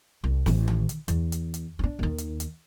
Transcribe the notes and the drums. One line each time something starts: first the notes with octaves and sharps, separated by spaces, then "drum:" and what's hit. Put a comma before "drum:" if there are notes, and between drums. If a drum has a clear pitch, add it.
C2
A1 E3, drum: snare
drum: tom D#3
drum: hi-hat
E2, drum: hi-hat
drum: hi-hat
drum: hi-hat
C#4 D4
D#2 D#3
drum: hi-hat
drum: hi-hat